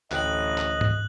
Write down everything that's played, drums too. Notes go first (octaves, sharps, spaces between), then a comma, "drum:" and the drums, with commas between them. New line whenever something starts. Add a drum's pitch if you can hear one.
A1 D2 A4 D#5 G5 F#6 F#7, drum: clap
drum: clap
drum: tom G#2